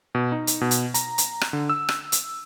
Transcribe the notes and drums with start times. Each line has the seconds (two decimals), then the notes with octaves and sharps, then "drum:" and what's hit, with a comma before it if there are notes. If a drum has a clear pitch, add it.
0.15 B2
0.32 D#4
0.47 drum: hi-hat
0.61 B2
0.71 drum: hi-hat
0.94 A#5, drum: hi-hat
1.18 drum: hi-hat
1.41 drum: rim click
1.53 D3
1.69 E6
1.89 drum: rim click
2.12 drum: hi-hat